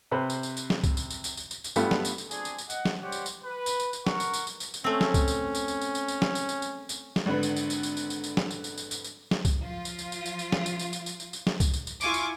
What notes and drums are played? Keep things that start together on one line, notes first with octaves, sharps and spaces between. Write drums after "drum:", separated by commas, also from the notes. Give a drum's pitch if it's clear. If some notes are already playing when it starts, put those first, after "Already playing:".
C3 B4 C5
drum: tambourine
drum: tambourine
drum: tambourine
drum: snare
drum: kick, tambourine
drum: tambourine
drum: tambourine
drum: tambourine
drum: tambourine
drum: tambourine
drum: tambourine
G2 G3 A3 B3 F4, drum: tambourine
drum: snare
drum: tambourine
drum: tambourine
C4 D4 G#4, drum: tambourine
drum: tambourine
drum: tambourine
D#5 F#5, drum: tambourine
drum: snare
G3 G4 C5 C#5 F#5
drum: tambourine
drum: tambourine
B4
drum: tambourine
drum: tambourine
drum: tambourine
A#4 F#5 C#6, drum: snare
drum: tambourine
drum: tambourine
drum: tambourine
drum: tambourine
drum: tambourine
A3 C4 C#4
drum: snare
drum: kick, tambourine
drum: tambourine
drum: tambourine
drum: tambourine
drum: tambourine
drum: tambourine
drum: tambourine
drum: snare
drum: tambourine
drum: tambourine
drum: tambourine
drum: tambourine
drum: snare
G#1 D3 B4
drum: tambourine
drum: tambourine
drum: tambourine
drum: tambourine
drum: tambourine
drum: tambourine
drum: tambourine
drum: snare
drum: tambourine
drum: tambourine
drum: tambourine
drum: tambourine
drum: tambourine
drum: snare
drum: kick, tambourine
F3 F4
drum: tambourine
drum: tambourine
drum: tambourine
drum: tambourine
drum: tambourine
drum: snare
drum: tambourine
drum: tambourine
drum: tambourine
drum: tambourine
drum: tambourine
drum: tambourine
drum: snare
drum: kick, tambourine
drum: tambourine
drum: tambourine
E4 F4 G#5 C#6 D6, drum: tambourine
drum: tambourine